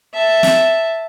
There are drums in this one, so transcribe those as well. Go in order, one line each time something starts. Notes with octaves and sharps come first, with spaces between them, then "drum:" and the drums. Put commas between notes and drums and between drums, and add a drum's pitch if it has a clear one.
E5 A5
drum: snare